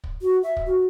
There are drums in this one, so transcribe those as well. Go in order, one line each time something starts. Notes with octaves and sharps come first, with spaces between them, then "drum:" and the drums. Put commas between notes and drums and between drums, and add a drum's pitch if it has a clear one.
drum: kick
F#4
E5
drum: kick
F#4